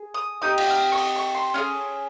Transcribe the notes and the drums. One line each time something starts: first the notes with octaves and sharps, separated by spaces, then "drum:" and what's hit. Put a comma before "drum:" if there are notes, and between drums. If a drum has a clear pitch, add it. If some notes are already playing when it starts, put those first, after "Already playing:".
Already playing: G#4
D#6
C4 D#4 G4 D#6
drum: cymbal
F6
C#6
D#6, drum: open hi-hat
C#6
C6
C#4 F4 G#4